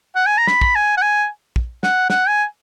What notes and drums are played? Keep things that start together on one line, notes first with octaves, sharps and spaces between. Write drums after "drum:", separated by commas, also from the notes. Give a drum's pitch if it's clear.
F#5
G#5
A#5
B5, drum: snare
drum: kick
G#5
F#5
G#5
drum: kick
F#5, drum: snare
F#5, drum: snare
G#5